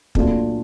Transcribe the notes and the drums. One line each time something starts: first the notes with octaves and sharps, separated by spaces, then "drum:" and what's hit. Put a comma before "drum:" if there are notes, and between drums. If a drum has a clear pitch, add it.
A#2 F#3 A3 D4 F4, drum: kick